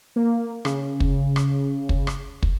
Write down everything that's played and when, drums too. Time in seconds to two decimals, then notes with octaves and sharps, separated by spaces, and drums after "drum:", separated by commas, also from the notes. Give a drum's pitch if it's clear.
0.16 A#3
0.65 C#3, drum: rim click
1.00 drum: kick
1.36 drum: rim click
1.89 drum: kick
2.07 drum: rim click
2.43 drum: kick